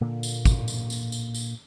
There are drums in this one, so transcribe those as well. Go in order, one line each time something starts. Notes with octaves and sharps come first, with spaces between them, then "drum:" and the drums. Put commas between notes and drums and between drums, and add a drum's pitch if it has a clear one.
A#2 D3 A#3
drum: tambourine
drum: kick, tambourine
drum: tambourine
drum: tambourine
drum: tambourine
drum: tambourine